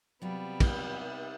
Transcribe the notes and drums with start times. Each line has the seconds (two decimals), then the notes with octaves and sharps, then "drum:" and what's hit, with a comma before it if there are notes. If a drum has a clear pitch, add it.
0.22 C3 F#3 G3 B3 F4
0.60 drum: kick, cymbal